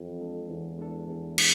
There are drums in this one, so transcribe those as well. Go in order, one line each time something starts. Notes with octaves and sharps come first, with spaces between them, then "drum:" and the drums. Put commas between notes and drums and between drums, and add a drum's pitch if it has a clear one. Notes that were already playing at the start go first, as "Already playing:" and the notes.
Already playing: F2 E3
G#3 D4 A4
E2 E3
G#3 D4 A4
E2 E3
G#3 D4, drum: cymbal